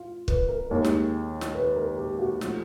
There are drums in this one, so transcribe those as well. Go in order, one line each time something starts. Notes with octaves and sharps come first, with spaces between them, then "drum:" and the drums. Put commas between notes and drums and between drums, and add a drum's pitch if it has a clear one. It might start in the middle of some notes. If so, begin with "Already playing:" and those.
Already playing: F4
B4, drum: kick
A#4
D#2 D#3 G#3 A#4
drum: snare
drum: snare
B4
A#4
G4
F#4
F3 A3 F4, drum: snare